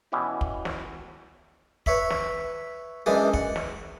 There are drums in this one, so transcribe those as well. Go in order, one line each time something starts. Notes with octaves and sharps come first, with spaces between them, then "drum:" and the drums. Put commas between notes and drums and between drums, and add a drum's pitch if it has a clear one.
B2 E3 C#4 F#4 G4
drum: kick
drum: snare
B4 C#5 E5 B5, drum: kick
drum: snare
F#2 E3 G#3 D4 G#4 D#6
F#5, drum: kick
drum: snare